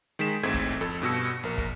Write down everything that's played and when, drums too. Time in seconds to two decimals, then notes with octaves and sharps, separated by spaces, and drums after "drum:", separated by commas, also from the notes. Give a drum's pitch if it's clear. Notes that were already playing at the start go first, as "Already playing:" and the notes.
0.19 D#3 G#3 B6 E7, drum: hi-hat
0.43 A1 G#2 A3 C4 G#6
0.54 drum: kick, hi-hat
0.71 drum: hi-hat
0.81 F2 A4
1.02 G2 B2 E6 C#7
1.23 drum: hi-hat
1.43 A#1 A#4
1.57 drum: kick, hi-hat